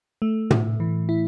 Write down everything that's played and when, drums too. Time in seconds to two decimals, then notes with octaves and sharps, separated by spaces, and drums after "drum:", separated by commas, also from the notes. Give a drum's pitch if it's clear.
0.22 A3
0.50 A2, drum: tom
0.80 E3
1.09 E4